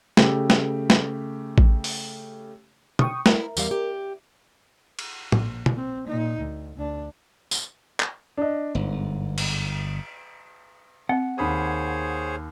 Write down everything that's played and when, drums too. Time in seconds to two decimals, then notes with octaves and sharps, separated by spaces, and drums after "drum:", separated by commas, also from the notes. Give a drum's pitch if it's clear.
0.17 C#3 A3 G4, drum: snare
0.50 drum: snare
0.90 drum: snare
1.58 drum: kick A1
1.84 drum: open hi-hat
2.99 G5 C#6 D#6, drum: tom
3.26 E4 A#4, drum: snare
3.57 E2 G3 F5, drum: tambourine
3.71 G4
4.99 drum: cymbal
5.32 A#1, drum: tom
5.66 drum: tom
5.76 C4
6.07 A#2 D#4
6.38 D2
6.76 D2 D4
7.51 drum: tambourine
8.00 drum: clap
8.37 D4 D#5
8.75 G1 G#2
9.38 drum: cymbal
11.09 C4 F#5
11.38 D#2 G#4 C5 C#5 B5 D#6